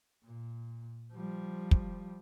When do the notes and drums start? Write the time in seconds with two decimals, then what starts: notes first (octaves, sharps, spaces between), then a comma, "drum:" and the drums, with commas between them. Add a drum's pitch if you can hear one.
0.25 A#2
1.14 F3 G3
1.71 drum: kick